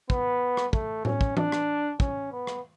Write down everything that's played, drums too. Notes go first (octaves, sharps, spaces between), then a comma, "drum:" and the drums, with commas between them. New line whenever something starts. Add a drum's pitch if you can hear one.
B3, drum: kick
drum: rim click
A3, drum: kick
C#4, drum: tom A2
drum: kick
D4, drum: tom E3
drum: rim click
C#4, drum: kick
B3
drum: rim click